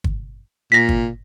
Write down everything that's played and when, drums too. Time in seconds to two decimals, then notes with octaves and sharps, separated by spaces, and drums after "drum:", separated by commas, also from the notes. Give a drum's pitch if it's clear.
0.04 drum: kick
0.72 A#2 A#6 B6
0.89 drum: kick